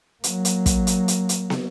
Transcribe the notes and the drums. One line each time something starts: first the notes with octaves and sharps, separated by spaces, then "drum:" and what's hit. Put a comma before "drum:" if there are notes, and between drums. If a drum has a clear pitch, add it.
F#3 A#3, drum: hi-hat
drum: hi-hat
drum: kick, hi-hat
drum: hi-hat
drum: hi-hat
drum: hi-hat
drum: snare